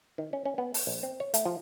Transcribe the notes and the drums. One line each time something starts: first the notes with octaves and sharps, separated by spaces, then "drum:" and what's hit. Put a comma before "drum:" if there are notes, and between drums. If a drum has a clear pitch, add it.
D#3
C#4
C#4
B3
A5, drum: open hi-hat
A#1
C4
C#5
A3, drum: hi-hat
F3